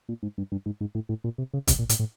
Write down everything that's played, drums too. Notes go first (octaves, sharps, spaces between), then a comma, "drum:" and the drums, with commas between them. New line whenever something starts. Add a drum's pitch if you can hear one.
A#2
G#2
G2
G2
G#2
G#2
A2
A2
A#2
C3
C#3
C3, drum: kick B1, hi-hat
A#2
A2, drum: hi-hat
A2